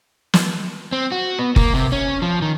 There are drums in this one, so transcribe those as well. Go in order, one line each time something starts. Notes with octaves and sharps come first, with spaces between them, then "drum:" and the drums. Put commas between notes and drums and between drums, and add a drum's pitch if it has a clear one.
drum: snare
C4
F#4
B3
A#3, drum: kick F#1
C3
C#4
F3
D#3